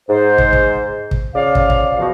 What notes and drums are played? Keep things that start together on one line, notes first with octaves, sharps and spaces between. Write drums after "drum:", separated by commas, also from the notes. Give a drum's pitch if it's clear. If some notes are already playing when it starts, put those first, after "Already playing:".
G#2 C5
drum: kick
drum: kick
drum: kick
C#3 F3 D5 F5
drum: kick
drum: kick
B2 F3 F#4